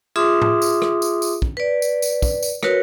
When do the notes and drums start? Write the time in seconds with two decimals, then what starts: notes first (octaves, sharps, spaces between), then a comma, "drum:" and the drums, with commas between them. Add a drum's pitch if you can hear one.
0.16 F4 G#4 E5 C6 D6 D#6
0.42 drum: tom A2
0.62 drum: tambourine
0.82 drum: rim click
1.02 drum: tambourine
1.22 drum: tambourine
1.42 drum: kick
1.57 B4 D5
1.82 drum: tambourine
2.02 drum: tambourine
2.22 drum: kick, tambourine
2.43 drum: tambourine
2.63 F#4 A#4 B4 C#5, drum: rim click